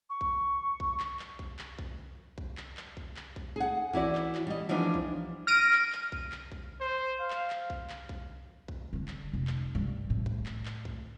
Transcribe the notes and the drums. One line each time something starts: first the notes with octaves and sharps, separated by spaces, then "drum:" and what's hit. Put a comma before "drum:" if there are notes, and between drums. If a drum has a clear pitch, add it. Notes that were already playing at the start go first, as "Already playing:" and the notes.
C#6
drum: kick B1
drum: kick B1
drum: clap
drum: clap
drum: kick B1
drum: clap
drum: kick B1
drum: kick B1
drum: clap
drum: clap
drum: kick B1
drum: clap
drum: kick B1
G#4 F#5
E3 E4 F#4 D5, drum: kick B1
drum: clap
drum: clap
G3 D#5
E3 F3 G3 B3 D4 D#4
drum: kick B1
F6 A#6 D7 D#7
drum: clap
drum: clap
drum: kick B1
drum: clap
drum: kick B1
C5
F5
drum: clap
drum: clap
drum: kick B1
drum: clap
drum: kick B1
drum: kick B1
D3 G3
drum: clap
F1
drum: clap
G2 C#3
A2
drum: kick B1
drum: clap
drum: clap
drum: kick B1